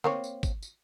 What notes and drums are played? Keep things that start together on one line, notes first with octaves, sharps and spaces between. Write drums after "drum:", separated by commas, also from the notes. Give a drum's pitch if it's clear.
A#3 C4 C#5, drum: snare
drum: tambourine
drum: kick, tambourine
drum: tambourine